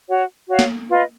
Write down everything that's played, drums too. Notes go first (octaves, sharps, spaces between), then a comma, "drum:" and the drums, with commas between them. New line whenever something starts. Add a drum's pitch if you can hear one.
F#4 C#5 F#5
F#4 C#5 F5
drum: snare
F4 B4 D#5